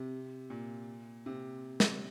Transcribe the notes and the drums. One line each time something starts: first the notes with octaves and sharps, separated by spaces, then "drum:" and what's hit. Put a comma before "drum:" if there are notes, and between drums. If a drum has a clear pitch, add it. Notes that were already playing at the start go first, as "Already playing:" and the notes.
Already playing: C3
A#2
C3
drum: snare